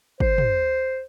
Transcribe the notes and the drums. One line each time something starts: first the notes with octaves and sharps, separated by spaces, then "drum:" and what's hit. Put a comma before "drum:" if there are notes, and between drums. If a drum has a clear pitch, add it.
C5, drum: kick
drum: tom